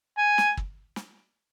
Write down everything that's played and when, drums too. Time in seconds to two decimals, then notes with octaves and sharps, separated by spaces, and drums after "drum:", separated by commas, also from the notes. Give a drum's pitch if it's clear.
0.18 G#5
0.38 drum: snare
0.57 drum: kick
0.96 drum: snare